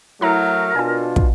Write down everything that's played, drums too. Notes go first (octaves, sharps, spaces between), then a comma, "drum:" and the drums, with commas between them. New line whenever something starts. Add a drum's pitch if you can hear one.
F#3 A3 E4 A#4 A#5
B2 D4 F4 G#5 A5
drum: kick